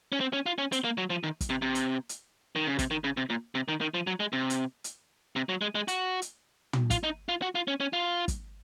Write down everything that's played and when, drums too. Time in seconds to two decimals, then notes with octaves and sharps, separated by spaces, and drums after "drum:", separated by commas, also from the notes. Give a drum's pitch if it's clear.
0.12 C#4
0.20 C4
0.33 C#4
0.46 F4
0.58 C#4
0.72 C4, drum: hi-hat
0.84 A#3
0.98 F#3
1.10 F3
1.23 D#3
1.41 drum: kick, hi-hat
1.50 C3
1.62 C3
1.75 drum: hi-hat
2.09 drum: hi-hat
2.56 D#3
2.67 C#3
2.79 C3, drum: kick, hi-hat
2.91 D#3
3.04 C#3
3.17 C3
3.30 A#2
3.55 C3
3.68 D#3
3.81 D#3
3.94 F3
4.07 F#3
4.20 G#3
4.33 C3
4.50 drum: hi-hat
4.84 drum: hi-hat
5.36 C3
5.49 F#3
5.61 G#3
5.75 G#3
5.88 F#4, drum: hi-hat
6.22 drum: hi-hat
6.73 drum: tom
6.90 F4, drum: kick, hi-hat
7.03 D#4
7.29 F4
7.42 F#4
7.55 F4
7.68 C#4
7.80 C#4
7.93 F4
8.28 drum: kick, hi-hat